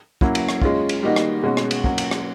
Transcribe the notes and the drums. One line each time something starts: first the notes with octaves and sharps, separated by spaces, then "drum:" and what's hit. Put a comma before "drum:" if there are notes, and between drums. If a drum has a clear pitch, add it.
F#3 A#3 C#4 E4, drum: kick
drum: cymbal
drum: rim click
G#3 C#4 F4, drum: kick
drum: cymbal
D#3 G3 A#3 D#4 F#4
drum: rim click
B2 G#3 C#4 F#4
drum: rim click
drum: cymbal
F#3 A#3 C#4 F#4, drum: kick
drum: cymbal
drum: rim click